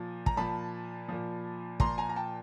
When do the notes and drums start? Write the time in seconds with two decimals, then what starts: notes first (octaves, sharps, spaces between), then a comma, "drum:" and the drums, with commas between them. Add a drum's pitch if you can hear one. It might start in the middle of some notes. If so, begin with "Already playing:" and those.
Already playing: A#2 F3
0.26 A#5, drum: kick
0.37 A#2 F3 A5 B5
1.09 A#2 F3
1.80 A#2 F3 A#5 C6, drum: kick
1.98 G#5 A#5
2.09 A#5
2.16 G5 A5